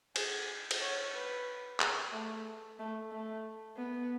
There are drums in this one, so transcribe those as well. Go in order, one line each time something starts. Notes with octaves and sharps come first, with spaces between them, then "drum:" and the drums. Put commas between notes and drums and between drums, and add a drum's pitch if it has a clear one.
G#4, drum: cymbal
drum: cymbal
C#5
B4
G#4, drum: clap
A3
A3
A3
B3